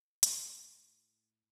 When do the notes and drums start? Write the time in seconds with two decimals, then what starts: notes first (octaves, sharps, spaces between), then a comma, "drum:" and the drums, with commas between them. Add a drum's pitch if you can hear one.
0.23 A2, drum: hi-hat